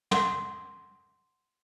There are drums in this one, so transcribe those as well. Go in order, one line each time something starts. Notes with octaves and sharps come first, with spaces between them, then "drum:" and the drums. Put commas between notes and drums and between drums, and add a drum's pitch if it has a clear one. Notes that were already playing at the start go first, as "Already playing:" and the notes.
F#5 C6, drum: tom